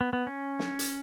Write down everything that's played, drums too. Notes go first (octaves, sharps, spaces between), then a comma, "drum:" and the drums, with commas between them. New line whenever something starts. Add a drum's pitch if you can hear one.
B3
B3
C#4
drum: snare
drum: hi-hat